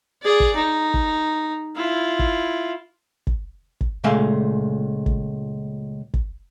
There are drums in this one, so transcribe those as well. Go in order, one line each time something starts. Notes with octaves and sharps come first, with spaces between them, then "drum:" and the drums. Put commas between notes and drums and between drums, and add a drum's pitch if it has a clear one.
G#4 D5
drum: kick
D#4
drum: kick
E4 F4
drum: kick
drum: kick
drum: kick
C#2 A#2 G#3 A3 E5 F5
drum: kick
drum: kick